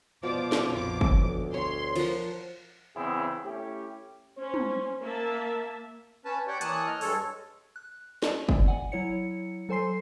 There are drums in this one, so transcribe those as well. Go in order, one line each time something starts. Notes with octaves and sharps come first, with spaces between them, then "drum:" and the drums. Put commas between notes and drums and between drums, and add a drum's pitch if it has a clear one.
B2 F3 D5 D6
drum: snare
A#1 F2 C#5 D6
drum: kick F#1
D2
C#5 C6
F3 A#4 F#5, drum: cymbal
E2 C#3 C4 E4 G#4
A3 C#4 E4 G4
C#4 C5
drum: tom
A#3 A#4 E5 A5
C#4 B4 A5
G4 C#5 D5 F#5 G5
E3 A#3 C#5 A5 D#6 F#6, drum: hi-hat
D#5 F6
G2 G#3 A4 C#5, drum: open hi-hat
F#6
D5 D#5, drum: snare
drum: kick F#1
F#5 G#5
F#3 E4 C#5 C#7
F#3 A4 C5 G#5 C6 C7